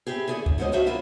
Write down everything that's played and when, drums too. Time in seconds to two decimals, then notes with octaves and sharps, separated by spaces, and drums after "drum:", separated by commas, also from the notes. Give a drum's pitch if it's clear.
0.07 C4 E4 G4 G#4
0.27 D3 A3 G#4 A4 D5
0.46 E2, drum: kick C#2
0.58 F#2 D3 G#3 C#4 C5 D#5
0.72 F3 G3 F#4 C5 E5 F5
0.86 A2 C3 F#3 A#3 E4 F4